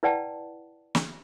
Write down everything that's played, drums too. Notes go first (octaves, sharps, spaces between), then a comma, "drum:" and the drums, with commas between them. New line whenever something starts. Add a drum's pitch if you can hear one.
E4 B4 D5 F#5 G5 A5
drum: snare